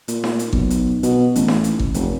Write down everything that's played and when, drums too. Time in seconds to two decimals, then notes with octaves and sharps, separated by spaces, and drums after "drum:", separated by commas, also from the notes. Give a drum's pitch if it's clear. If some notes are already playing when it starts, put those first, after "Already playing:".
0.08 A#2, drum: hi-hat
0.24 drum: snare D#4
0.39 drum: hi-hat
0.53 B1, drum: kick G#1
0.70 drum: hi-hat
1.03 B2, drum: hi-hat
1.36 A1, drum: hi-hat
1.48 drum: snare D#4
1.64 drum: hi-hat
1.79 drum: kick G#1
1.94 F1, drum: hi-hat